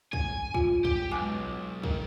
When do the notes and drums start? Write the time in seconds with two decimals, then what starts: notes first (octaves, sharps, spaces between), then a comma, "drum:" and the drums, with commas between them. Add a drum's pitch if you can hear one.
0.13 G#5, drum: kick
0.54 F4, drum: kick
0.85 G4, drum: kick
1.12 B1 G#3 G#5 D6
1.84 D#3, drum: kick